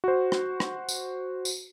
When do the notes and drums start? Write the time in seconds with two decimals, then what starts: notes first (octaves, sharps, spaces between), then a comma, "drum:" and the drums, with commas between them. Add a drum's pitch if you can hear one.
0.04 F#4 C5
0.32 drum: rim click
0.60 drum: rim click
0.89 drum: tambourine
1.45 drum: tambourine